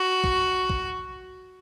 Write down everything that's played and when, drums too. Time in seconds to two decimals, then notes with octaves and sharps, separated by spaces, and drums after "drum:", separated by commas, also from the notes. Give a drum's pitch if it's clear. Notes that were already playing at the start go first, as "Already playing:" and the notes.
Already playing: F#4
0.24 drum: kick B1
0.70 drum: kick B1